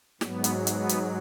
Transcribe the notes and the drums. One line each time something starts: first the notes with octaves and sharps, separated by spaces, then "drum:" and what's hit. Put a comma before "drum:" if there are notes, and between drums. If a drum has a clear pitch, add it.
G#2 F#3 B3, drum: snare
drum: hi-hat
B3, drum: hi-hat
drum: hi-hat